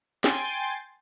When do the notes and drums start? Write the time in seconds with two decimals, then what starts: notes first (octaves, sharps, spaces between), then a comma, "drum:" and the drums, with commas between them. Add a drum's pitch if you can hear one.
0.24 G5 G#5 C6 A6, drum: snare